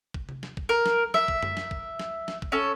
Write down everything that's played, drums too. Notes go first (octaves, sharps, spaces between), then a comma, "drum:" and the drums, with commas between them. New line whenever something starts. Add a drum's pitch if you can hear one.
drum: kick
drum: tom C3
drum: snare
drum: kick
A#4
drum: snare
E5, drum: snare
drum: kick
drum: tom F#2
drum: snare
drum: kick
drum: snare
drum: snare
drum: kick
C#4 A4